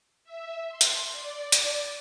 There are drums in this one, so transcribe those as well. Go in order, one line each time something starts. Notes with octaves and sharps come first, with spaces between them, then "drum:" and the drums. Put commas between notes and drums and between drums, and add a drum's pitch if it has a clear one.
E5
C6
drum: hi-hat
D5
drum: hi-hat